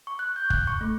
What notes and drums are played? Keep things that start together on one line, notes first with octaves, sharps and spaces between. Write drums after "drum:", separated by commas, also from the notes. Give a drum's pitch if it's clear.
C#6
F#6
G6
F#6, drum: kick
C#6
A3